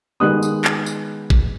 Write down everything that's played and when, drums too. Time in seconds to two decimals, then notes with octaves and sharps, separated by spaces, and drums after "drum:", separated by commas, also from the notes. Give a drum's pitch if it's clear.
0.20 D#3 G#3 B3 D#6 F#6
0.43 drum: tambourine
0.64 drum: clap
0.86 drum: tambourine
1.30 drum: kick G#1